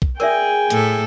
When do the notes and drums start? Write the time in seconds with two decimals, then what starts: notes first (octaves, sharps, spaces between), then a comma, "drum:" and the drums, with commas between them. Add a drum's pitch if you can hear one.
0.02 drum: kick B1
0.20 G#4 A#4 D5 E5 G5 G#5
0.70 A2 A4, drum: hi-hat